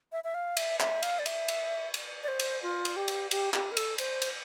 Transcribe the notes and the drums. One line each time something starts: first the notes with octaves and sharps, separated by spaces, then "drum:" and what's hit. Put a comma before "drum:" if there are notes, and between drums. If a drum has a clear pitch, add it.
E5
E5
F5
E5, drum: cymbal
E5, drum: clap
F5, drum: cymbal
D5
E5, drum: cymbal
drum: cymbal
drum: cymbal
D5
C5
drum: cymbal
F4
drum: cymbal
G4
drum: cymbal
G4, drum: cymbal
G4, drum: clap
A#4
A4, drum: cymbal
C5, drum: cymbal
drum: cymbal